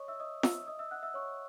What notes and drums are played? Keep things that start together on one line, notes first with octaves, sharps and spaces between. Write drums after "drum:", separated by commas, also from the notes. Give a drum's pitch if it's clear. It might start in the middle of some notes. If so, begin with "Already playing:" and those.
Already playing: C#5 D#5 C#6 D#6
E5 E6
D#5 D#6
E5 E6, drum: snare
D#5 D#6
E5 E6
F#5 F#6
E5 E6
C#5 C#6